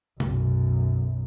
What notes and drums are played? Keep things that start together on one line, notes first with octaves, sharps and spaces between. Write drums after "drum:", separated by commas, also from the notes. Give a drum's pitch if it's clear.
B1 F#2, drum: tom